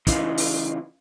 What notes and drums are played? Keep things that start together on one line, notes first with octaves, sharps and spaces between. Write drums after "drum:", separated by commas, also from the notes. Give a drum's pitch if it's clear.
C#3 E3 D#4 F4, drum: kick, hi-hat
drum: open hi-hat